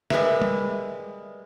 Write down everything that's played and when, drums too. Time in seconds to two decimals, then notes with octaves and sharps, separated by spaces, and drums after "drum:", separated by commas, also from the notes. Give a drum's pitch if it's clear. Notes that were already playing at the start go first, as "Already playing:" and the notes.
0.10 G3 G#3 A#4 B4 E5, drum: snare
0.42 drum: tom G3